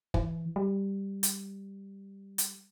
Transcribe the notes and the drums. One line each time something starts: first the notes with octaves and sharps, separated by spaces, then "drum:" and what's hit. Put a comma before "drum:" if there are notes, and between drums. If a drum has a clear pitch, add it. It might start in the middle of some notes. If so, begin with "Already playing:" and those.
E3, drum: kick
G3
drum: hi-hat
drum: hi-hat